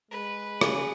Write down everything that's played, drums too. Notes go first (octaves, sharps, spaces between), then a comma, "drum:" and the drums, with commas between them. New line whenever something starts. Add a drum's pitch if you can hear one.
G#3 B4
C#3 G#4, drum: rim click